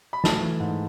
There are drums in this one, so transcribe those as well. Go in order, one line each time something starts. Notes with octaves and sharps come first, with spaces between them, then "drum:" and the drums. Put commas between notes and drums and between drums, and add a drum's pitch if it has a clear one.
B5
A3 A5, drum: snare
E3
G#2